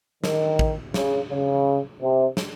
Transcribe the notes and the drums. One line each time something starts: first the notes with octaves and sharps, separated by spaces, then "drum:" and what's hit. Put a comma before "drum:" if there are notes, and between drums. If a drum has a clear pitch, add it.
D#3, drum: snare
drum: kick
C#3, drum: snare
C#3
C3
drum: snare